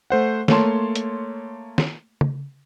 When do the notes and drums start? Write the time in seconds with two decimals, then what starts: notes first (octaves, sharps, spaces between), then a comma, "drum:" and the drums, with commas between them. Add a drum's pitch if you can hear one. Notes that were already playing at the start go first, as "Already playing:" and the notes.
0.10 A3 C5 F#5
0.48 A3 A#3 C#5 A5 C6, drum: snare
0.95 drum: hi-hat
1.78 drum: snare
2.21 drum: tom